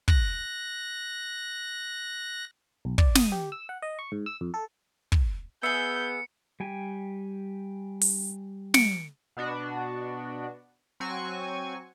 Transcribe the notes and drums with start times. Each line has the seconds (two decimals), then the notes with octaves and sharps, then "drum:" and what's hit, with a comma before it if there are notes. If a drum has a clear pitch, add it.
0.08 F#6 A#6, drum: kick
2.85 B1
2.98 D5, drum: kick
3.15 D#6, drum: snare
3.32 G4
3.52 E6
3.69 F#5
3.82 D#5
3.99 C#6
4.12 G#2
4.26 E6
4.41 F2
4.54 A4
5.12 drum: kick
5.63 B3 G#4 E5 G6 C#7
6.60 G3 G5 G#5
8.01 drum: open hi-hat
8.74 C#7 D7, drum: snare
9.37 B2 B3 D4 F#4
11.00 F#3 C4 F#4 G#5 C#6